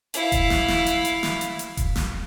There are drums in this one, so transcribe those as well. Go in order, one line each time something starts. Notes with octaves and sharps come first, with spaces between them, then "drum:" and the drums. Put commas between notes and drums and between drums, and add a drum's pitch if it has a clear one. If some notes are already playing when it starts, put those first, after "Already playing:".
E4 F5, drum: hi-hat
drum: kick E1, hi-hat
drum: snare
drum: snare
drum: hi-hat
drum: hi-hat
drum: snare
drum: hi-hat
drum: hi-hat
drum: kick E1, hi-hat
drum: snare